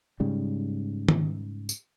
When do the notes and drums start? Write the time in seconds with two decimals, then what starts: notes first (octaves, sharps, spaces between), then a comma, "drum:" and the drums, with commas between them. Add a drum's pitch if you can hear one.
0.20 G#2 C#3 G3
1.09 drum: tom D#3
1.69 drum: tambourine